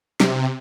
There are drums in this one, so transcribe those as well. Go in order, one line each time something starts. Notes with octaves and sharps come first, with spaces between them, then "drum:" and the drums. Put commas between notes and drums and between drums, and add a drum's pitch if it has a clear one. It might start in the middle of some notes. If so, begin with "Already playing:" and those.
C3, drum: snare